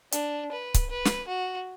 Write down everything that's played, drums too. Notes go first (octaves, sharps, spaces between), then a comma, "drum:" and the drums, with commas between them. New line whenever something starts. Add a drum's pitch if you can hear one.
D4, drum: hi-hat
B4
drum: kick C#1, hi-hat
B4
drum: snare
F#4